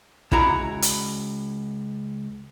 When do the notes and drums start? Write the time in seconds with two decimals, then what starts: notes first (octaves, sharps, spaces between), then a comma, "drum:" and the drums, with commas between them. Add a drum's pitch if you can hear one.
0.32 C#2 E4 F#4 A#5, drum: kick
0.82 drum: hi-hat